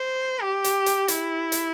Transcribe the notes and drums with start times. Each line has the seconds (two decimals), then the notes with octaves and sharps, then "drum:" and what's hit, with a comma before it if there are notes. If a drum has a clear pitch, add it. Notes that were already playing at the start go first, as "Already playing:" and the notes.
Already playing: C5
0.42 G4
0.64 drum: hi-hat
0.86 drum: hi-hat
1.08 E4, drum: hi-hat
1.52 drum: hi-hat